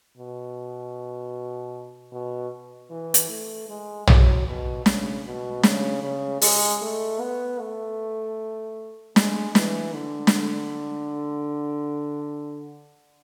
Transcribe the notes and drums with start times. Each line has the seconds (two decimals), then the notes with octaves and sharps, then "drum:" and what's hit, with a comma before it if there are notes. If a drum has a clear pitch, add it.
0.17 B2
2.12 B2
2.90 E3
3.14 drum: hi-hat
3.29 A3
3.69 G#3
4.07 F#3, drum: tom
4.46 B2
4.86 C#3, drum: snare
5.26 B2
5.63 C#3, drum: snare
6.03 C#3
6.41 G#3, drum: open hi-hat
6.82 A3
7.20 B3
7.59 A3
9.16 G#3, drum: snare
9.55 E3, drum: snare
9.93 D3
10.27 drum: snare